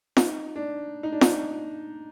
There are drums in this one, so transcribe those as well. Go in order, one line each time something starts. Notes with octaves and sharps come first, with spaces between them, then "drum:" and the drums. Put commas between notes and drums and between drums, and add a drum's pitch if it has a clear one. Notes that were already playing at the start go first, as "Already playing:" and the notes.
D#4, drum: snare
D4
D#4
D4
D#4, drum: snare